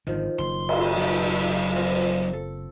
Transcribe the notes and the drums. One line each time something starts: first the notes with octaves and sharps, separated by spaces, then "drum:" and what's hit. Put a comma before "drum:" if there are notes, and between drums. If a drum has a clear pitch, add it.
G#1 D3 D#3 F3
F#1 C6
drum: cymbal
F#3 D#4
A#3 C4 F4
A4